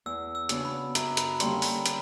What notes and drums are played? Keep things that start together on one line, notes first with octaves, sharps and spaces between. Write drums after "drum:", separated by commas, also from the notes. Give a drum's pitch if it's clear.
E2 E6
E6
C#3 F#3 B3 D4, drum: hi-hat
B5
F#2 A#5, drum: hi-hat
B5, drum: hi-hat
D3 G3 A#3 C#4 C6, drum: hi-hat
B5, drum: open hi-hat
A#5, drum: hi-hat